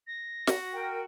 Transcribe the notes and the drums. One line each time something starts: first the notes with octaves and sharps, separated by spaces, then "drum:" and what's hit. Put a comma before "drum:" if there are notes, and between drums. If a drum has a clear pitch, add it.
A#6
F#4, drum: snare
A#4 G5